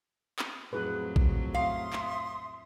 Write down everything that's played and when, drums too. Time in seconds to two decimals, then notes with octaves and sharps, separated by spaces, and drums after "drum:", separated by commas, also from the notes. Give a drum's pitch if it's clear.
0.39 drum: clap
0.73 F2 A2 F#3 E4 G#4 B4
1.16 drum: kick A#1
1.54 E5 F5 C6 D#6
1.93 drum: clap